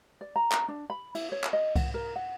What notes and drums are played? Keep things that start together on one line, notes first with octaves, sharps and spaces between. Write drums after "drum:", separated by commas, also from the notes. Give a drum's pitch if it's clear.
D5
A#5
drum: clap
D4
B5
E4, drum: cymbal
C#5
drum: clap
D#5
F#5, drum: kick C2, cymbal
A#4
F#5